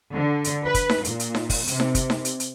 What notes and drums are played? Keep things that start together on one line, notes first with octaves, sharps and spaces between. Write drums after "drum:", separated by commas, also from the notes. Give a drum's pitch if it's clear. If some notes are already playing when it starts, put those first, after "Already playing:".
D3
drum: hi-hat
B4
drum: kick, hi-hat
drum: snare D#4
A#2, drum: hi-hat
drum: hi-hat
drum: snare D#4
drum: kick, open hi-hat
C3, drum: hi-hat
drum: snare D#4
drum: kick, hi-hat
drum: snare D#4
drum: hi-hat
drum: hi-hat